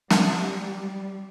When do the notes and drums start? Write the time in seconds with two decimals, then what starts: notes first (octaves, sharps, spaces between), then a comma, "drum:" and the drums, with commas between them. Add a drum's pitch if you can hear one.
0.11 G3, drum: snare